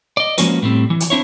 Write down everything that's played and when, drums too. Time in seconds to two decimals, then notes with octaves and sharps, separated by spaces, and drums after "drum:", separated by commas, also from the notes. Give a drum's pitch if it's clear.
0.17 D5 D#5
0.38 F3 G#3 A#3 C#4 F#4 B4, drum: hi-hat
0.62 A2 G3 C4
0.90 E3
1.00 drum: hi-hat
1.10 C4 D4 E4 C#5